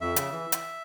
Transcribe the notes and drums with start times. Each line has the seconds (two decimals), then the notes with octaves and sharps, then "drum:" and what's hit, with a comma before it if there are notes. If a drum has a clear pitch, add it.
0.01 F2 E5
0.16 C#3, drum: hi-hat
0.32 E3
0.52 drum: hi-hat